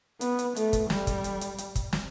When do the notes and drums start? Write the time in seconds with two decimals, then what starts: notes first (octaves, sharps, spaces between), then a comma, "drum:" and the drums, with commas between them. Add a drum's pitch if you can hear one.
0.21 B3, drum: hi-hat
0.39 drum: hi-hat
0.56 A3, drum: hi-hat
0.73 drum: kick, hi-hat
0.90 G3, drum: snare
1.07 drum: kick, hi-hat
1.24 drum: hi-hat
1.41 drum: hi-hat
1.58 drum: hi-hat
1.75 drum: kick, hi-hat
1.93 drum: snare